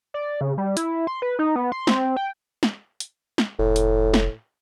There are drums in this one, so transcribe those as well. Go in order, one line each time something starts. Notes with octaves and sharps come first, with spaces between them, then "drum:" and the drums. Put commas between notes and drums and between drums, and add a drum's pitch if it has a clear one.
D5
C#3
G3
E4, drum: hi-hat
C6
B4
D#4
B3
C6
C4, drum: snare
G5
drum: snare
drum: hi-hat
drum: snare
F1 A2
drum: hi-hat
drum: snare